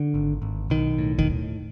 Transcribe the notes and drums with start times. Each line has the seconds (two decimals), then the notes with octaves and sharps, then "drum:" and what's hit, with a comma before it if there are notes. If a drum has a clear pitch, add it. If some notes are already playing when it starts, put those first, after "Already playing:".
Already playing: D3
0.14 G#1
0.42 G#1
0.70 B1 D#3
0.98 A2
1.19 D#3, drum: kick D#2